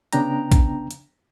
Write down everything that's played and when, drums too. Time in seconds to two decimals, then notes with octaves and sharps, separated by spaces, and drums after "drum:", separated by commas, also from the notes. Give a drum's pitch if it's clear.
0.13 C#3 B3 D4 G5 A#5, drum: hi-hat
0.52 drum: kick A#1, hi-hat
0.91 drum: hi-hat